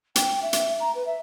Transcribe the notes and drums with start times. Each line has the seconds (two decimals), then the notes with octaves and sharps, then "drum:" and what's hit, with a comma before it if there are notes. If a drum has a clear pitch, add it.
0.16 G5, drum: hi-hat
0.42 E5
0.53 drum: hi-hat
0.80 A#5
0.95 B4
1.06 E5